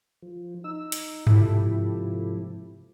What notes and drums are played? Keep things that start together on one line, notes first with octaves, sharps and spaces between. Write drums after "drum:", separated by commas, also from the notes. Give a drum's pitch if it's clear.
F3
D#4 E6
drum: hi-hat
G#2 C3 F3 E4 G4 A4, drum: tom G2